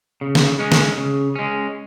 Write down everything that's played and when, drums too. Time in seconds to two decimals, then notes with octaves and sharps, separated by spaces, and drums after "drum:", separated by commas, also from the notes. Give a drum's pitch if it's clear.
0.21 C#3
0.35 drum: snare
0.59 G#3 C#4
0.72 drum: snare
0.97 C#3
1.35 G#3 C#4